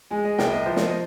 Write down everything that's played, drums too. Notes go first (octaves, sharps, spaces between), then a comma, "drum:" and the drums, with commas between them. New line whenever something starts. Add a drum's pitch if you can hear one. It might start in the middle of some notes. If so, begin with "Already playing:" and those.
G#3 G#5
D#5
C2 G5, drum: snare
D#5
F3 C5
drum: snare
D#5